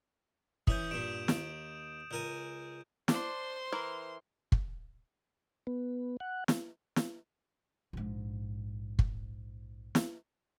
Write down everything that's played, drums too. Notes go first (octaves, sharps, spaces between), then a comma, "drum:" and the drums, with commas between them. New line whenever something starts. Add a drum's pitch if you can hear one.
E3 C#4 D#6 G6, drum: kick
G2 A#2 D7 E7
D#2, drum: snare
C#2 A#4 G#5 G6
D4 C5 C6, drum: snare
E3 A#4
drum: kick
B3
F#5
drum: snare
drum: snare
A#1 G#2
drum: kick
drum: snare